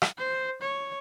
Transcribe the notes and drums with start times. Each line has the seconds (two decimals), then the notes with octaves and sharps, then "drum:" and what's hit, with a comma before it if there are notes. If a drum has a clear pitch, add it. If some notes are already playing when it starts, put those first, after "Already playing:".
0.02 drum: rim click
0.18 C5
0.62 C#5